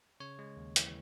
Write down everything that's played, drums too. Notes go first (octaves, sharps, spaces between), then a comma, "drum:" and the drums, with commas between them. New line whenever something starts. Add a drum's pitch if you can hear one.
C#3 C#5
G#3
D#2
E3, drum: hi-hat